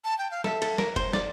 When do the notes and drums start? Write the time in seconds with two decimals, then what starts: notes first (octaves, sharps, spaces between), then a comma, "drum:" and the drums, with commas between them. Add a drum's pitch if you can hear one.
0.04 A5
0.18 G5
0.31 F5
0.44 A4 E5, drum: snare
0.62 A4, drum: cymbal
0.78 A#4, drum: snare
0.96 C5, drum: kick F#1, cymbal
1.13 D5, drum: snare